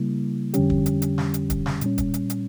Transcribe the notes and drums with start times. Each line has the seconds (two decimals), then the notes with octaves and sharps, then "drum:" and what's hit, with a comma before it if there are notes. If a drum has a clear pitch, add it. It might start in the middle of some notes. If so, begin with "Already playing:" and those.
Already playing: C#3 G3 A#3 E4
0.54 F2 D3 G3 C#4 G4, drum: hi-hat
0.70 drum: kick
0.86 drum: hi-hat
1.02 drum: hi-hat
1.18 drum: snare
1.34 drum: hi-hat
1.50 drum: kick, hi-hat
1.66 drum: snare
1.81 A#2 G3 C#4, drum: hi-hat
1.98 drum: kick, hi-hat
2.14 drum: hi-hat
2.30 drum: hi-hat